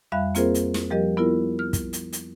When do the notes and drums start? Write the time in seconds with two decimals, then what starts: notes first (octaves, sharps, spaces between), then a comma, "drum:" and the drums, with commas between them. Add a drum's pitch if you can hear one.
0.12 F2 G3 E5 F5 B5 F#6
0.35 A#3 C4 F4 G#4 A#4 C5, drum: hi-hat
0.54 drum: hi-hat
0.74 drum: snare
0.90 F3 G3 G4 A#4 D#5
1.17 B3 E4 F4 A#4
1.59 F6
1.73 drum: kick, hi-hat
1.93 drum: hi-hat
2.13 drum: hi-hat